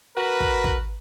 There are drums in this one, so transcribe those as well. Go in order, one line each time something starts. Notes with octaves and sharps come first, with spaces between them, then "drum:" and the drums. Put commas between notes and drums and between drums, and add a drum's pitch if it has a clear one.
F#4 A#4 B4
drum: kick
drum: kick